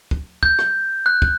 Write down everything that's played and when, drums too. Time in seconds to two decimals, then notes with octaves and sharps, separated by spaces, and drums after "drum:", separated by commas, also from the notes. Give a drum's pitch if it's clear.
0.11 drum: kick
0.43 G6, drum: kick
0.59 drum: rim click
1.06 F#6
1.22 drum: kick